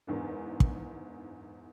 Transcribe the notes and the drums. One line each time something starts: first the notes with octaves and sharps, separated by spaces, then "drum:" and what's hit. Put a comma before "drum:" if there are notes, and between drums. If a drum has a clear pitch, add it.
F#1 E2 G#2 D4
drum: kick